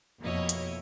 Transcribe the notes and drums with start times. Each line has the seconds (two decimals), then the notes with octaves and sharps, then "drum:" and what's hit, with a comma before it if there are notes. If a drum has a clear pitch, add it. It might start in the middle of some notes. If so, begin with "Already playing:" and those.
0.21 F2 B2 A#3 E4 C#5 D#5
0.49 drum: hi-hat